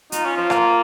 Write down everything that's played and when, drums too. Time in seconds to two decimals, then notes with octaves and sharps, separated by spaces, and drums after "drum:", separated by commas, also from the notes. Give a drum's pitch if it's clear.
0.12 D#4 F4, drum: hi-hat
0.25 C#4
0.37 F3
0.50 A#3, drum: rim click